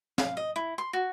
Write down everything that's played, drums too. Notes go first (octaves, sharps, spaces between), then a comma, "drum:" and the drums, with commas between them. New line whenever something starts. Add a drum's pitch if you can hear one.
F5, drum: snare
D#5
E4
C6
F#4